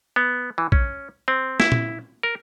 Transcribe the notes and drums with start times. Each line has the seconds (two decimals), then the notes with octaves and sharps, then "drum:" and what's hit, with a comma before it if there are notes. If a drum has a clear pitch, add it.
0.16 B3
0.58 E3
0.72 C#4, drum: kick A#1
1.28 C4
1.60 E4, drum: snare
1.72 drum: tom
2.23 A#4